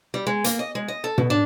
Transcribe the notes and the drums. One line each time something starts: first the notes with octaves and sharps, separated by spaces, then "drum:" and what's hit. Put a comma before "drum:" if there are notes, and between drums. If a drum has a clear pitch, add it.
G3
G#3
A#3, drum: hi-hat
D#5
G#3
D#5
A4
B2, drum: tom
D4